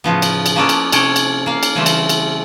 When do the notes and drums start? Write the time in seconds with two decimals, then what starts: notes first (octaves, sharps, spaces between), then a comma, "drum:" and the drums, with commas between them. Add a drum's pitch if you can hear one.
0.04 A2 C#3 F3 B3
0.22 drum: cymbal
0.46 drum: cymbal
0.55 F3 A#3 B3 C#4 A4 D5
0.69 drum: cymbal
0.92 C3 C#4 C#5 G5, drum: cymbal
1.16 drum: cymbal
1.46 A#3 F5
1.63 drum: cymbal
1.75 C#3 E3 G3 A3 C4
1.86 drum: cymbal
2.09 drum: cymbal